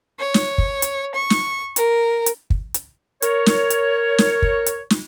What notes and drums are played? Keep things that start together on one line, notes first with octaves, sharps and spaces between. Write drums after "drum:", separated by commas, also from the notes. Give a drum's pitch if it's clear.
C#5
drum: snare
drum: kick
drum: hi-hat
C#6
drum: snare
A#4, drum: hi-hat
drum: hi-hat
drum: kick
drum: hi-hat
A#4 C#5, drum: hi-hat
drum: snare
drum: hi-hat
drum: snare
drum: kick
drum: hi-hat
drum: snare